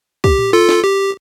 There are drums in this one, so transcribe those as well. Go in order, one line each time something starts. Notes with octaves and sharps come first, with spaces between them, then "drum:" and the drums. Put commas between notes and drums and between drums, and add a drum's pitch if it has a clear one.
G4, drum: kick
drum: tom A2
F4 A4
drum: snare
G4